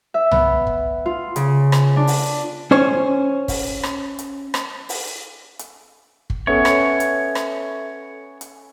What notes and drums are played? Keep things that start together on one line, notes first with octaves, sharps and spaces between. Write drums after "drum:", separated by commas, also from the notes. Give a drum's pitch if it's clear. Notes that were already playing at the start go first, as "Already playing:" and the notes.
E5
B3, drum: tom C2
drum: kick
F4
C#3, drum: hi-hat
drum: rim click
D4
drum: open hi-hat
C#4 C5 C#5
drum: kick, open hi-hat
drum: rim click
drum: hi-hat
drum: rim click
drum: open hi-hat
drum: hi-hat
drum: kick
B3 C#4 A4 C#5 E5
drum: rim click
drum: hi-hat
drum: rim click
drum: hi-hat